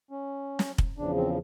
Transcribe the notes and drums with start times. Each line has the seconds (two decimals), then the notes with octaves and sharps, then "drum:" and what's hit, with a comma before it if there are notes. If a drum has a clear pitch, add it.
0.11 C#4
0.59 drum: snare
0.78 drum: kick
0.98 E2 C#3 F3 D4
1.16 C4